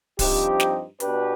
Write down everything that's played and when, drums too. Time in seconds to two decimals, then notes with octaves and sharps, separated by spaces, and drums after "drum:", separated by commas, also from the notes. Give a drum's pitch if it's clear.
0.19 G2 F3 C4 D#4 G4, drum: kick D1, open hi-hat
0.60 drum: snare
1.00 B2 B3 D4 G4 B4, drum: hi-hat